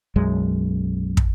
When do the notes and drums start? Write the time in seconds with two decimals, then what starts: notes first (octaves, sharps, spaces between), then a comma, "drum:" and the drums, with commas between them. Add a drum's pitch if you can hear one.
0.16 B1 F#2 G#3
1.17 drum: kick